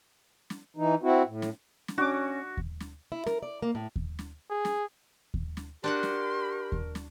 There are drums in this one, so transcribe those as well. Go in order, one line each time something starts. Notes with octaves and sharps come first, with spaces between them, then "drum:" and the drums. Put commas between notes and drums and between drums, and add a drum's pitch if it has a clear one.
drum: snare
E3 D#4
C4 E4 F#4
A2
drum: snare
drum: snare
C#4 D4 F#4 D6
drum: kick D#2
drum: snare
E4
A#4, drum: snare
D5
A#3
A2
drum: kick D#2
drum: snare
G#4
drum: snare
drum: kick D#2
drum: snare
D4 F#4 G4 A#4 F#5 C6
drum: snare
drum: kick D#2
drum: snare